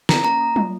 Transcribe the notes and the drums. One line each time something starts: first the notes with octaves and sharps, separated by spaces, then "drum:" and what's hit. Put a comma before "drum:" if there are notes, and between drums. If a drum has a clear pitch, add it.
C#4 A#5, drum: snare
A#3 A#5
A#3
F4, drum: tom F#3